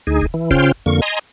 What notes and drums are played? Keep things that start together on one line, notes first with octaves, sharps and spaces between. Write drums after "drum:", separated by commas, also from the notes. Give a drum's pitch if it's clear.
D2 D#4 G#4
drum: kick
E3
C#3 C#4 F4 C5 G5 F6, drum: kick
F2 D3 A#3 C#6
D#5 G#5 A#5 C6